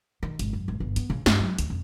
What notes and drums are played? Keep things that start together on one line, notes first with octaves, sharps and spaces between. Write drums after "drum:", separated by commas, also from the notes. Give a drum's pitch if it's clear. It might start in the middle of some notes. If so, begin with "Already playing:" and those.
D#3
G#1, drum: hi-hat
F#2
G#1
G1
B3, drum: hi-hat
C#3
G2, drum: snare
F#3
D2, drum: hi-hat
F2